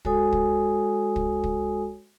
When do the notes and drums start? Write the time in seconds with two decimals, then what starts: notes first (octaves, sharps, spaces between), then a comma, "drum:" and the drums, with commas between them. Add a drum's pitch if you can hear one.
0.05 G#3 F#4 A4 C#5 G#5 D#6, drum: kick
0.32 drum: kick
1.16 drum: kick
1.44 drum: kick